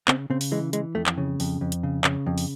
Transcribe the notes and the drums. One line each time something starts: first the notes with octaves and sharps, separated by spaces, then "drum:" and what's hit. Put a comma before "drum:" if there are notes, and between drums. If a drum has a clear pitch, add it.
C#3 C4, drum: clap
C#3 C4
drum: open hi-hat
E3 G#3
E3 G#3, drum: hi-hat
F2 A3
drum: clap
C#3
F2, drum: open hi-hat
F2
drum: hi-hat
C#3
C#3, drum: clap
F2
drum: open hi-hat